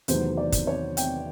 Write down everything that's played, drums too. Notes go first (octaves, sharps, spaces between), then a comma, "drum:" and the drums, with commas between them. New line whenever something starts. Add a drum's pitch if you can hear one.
E2 C3 D#3 F#3 A3 C5, drum: hi-hat
D5
drum: kick, hi-hat
C#5
G5, drum: hi-hat